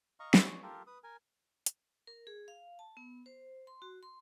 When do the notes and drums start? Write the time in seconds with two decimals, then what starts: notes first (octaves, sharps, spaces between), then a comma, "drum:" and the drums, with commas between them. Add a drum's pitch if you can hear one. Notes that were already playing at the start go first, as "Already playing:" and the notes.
0.20 D#5 F5 A#5 C#6
0.34 B3 E5 G5, drum: snare
0.46 G#3 C#5
0.63 F4 G4 A4 A#4
0.87 B4 D#6
1.04 A#4 G#5
1.66 drum: hi-hat
2.07 A#4
2.27 G#4
2.48 F5
2.79 A5
2.97 B3
3.26 C5
3.67 C6
3.82 F#4
4.03 C6